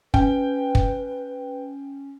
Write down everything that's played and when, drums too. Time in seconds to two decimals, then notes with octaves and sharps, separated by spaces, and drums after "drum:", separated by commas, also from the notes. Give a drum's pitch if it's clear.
0.14 C#4 B4 G5, drum: kick
0.75 drum: kick